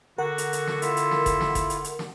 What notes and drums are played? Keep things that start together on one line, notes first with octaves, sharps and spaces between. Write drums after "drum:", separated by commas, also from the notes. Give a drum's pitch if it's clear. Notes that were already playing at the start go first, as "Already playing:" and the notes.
D3 F#4 A#4 F#5
drum: hi-hat
drum: hi-hat
drum: snare
E4 F4 E5, drum: hi-hat
drum: hi-hat
drum: snare
drum: kick F#1, hi-hat
drum: snare
drum: kick F#1, hi-hat
drum: hi-hat
drum: hi-hat
drum: snare